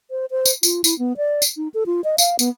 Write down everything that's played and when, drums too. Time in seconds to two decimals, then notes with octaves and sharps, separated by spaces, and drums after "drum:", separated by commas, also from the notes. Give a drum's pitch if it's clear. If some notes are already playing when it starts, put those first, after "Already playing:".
0.11 C5
0.31 C5
0.45 drum: tambourine
0.63 F4, drum: tambourine
0.84 E4, drum: tambourine
0.99 B3
1.17 D5
1.42 drum: tambourine
1.57 D#4
1.74 A4
1.86 F4
2.04 D#5
2.18 F5, drum: tambourine
2.39 B3, drum: tambourine